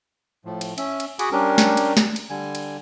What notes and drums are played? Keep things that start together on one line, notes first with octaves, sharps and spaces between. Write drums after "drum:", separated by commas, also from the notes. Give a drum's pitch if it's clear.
A2 F3
drum: cymbal
C#4 E5, drum: cymbal
drum: cymbal
F#4 G#4 F#5 G#5 B5 D6, drum: cymbal
G3 C#4 D4 G4 A#4
drum: snare
drum: cymbal
drum: snare
drum: cymbal
D3 G3 G#5
drum: cymbal